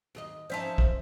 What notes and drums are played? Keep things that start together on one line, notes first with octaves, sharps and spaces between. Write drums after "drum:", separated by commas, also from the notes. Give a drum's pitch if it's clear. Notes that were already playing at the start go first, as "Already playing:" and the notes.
D#2 G#4 D#5
F3 C#4 D#4 C5 E5 A5
drum: kick